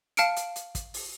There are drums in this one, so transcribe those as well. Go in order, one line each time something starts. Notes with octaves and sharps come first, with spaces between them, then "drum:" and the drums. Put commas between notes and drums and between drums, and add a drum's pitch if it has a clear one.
F5 A5 F6 C#7 D7, drum: hi-hat
drum: hi-hat
drum: hi-hat
drum: kick, hi-hat
drum: open hi-hat